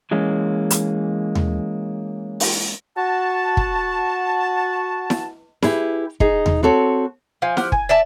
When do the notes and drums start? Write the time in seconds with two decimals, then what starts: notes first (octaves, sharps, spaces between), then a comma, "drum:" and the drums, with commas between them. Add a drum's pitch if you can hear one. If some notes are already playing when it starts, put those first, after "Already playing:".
0.11 E3 G#3 A#3 C#4
0.70 drum: hi-hat
1.35 drum: tom D#2
2.40 drum: open hi-hat
2.97 F#4 A5
3.57 drum: kick
5.10 drum: snare E4
5.62 E4 G4 G#4 B4, drum: snare E4
6.20 D#4 G#4, drum: kick
6.46 drum: tom D#2
6.63 C4 F#4 A4 C#5
7.42 F3 F5 G#5
7.57 G4 F#5 F6, drum: snare E4
7.72 G#5, drum: kick
7.89 D5 E5 A5